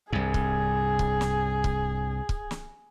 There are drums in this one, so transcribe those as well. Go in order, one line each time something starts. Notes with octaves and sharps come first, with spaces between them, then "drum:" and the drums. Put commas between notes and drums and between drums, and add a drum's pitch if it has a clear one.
C2 G2 G#4
drum: kick
drum: kick
drum: snare
drum: kick
drum: kick
drum: snare